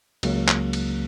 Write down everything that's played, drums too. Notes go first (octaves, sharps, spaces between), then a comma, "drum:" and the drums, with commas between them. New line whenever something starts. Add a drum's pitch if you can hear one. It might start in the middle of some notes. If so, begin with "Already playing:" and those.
C#2 C#3 F#3 A#3, drum: cymbal
drum: clap
drum: cymbal